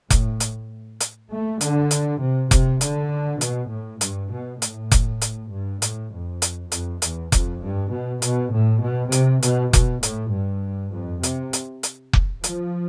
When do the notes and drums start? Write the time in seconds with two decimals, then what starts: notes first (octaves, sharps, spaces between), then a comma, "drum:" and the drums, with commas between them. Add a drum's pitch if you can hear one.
0.10 A2, drum: kick F1, hi-hat
0.40 drum: hi-hat
1.01 drum: hi-hat
1.31 A3
1.61 D3, drum: hi-hat
1.91 drum: hi-hat
2.21 C3
2.51 C3, drum: kick F1, hi-hat
2.81 D3, drum: hi-hat
3.41 B2, drum: hi-hat
3.71 A2
4.01 G2, drum: hi-hat
4.31 B2
4.62 A2, drum: hi-hat
4.92 drum: kick F1, hi-hat
5.22 drum: hi-hat
5.52 G2
5.82 A2, drum: hi-hat
6.12 F2
6.42 drum: hi-hat
6.72 F2, drum: hi-hat
7.02 E2, drum: hi-hat
7.32 F2, drum: kick F1, hi-hat
7.62 G2
7.92 B2
8.22 B2, drum: hi-hat
8.52 A2
8.83 B2
9.12 C3, drum: hi-hat
9.43 B2, drum: hi-hat
9.73 B2, drum: kick F1, hi-hat
10.03 A2, drum: hi-hat
10.33 G2
10.93 F2
11.23 C3, drum: hi-hat
11.53 drum: hi-hat
11.83 drum: hi-hat
12.13 drum: kick F1
12.44 F3, drum: hi-hat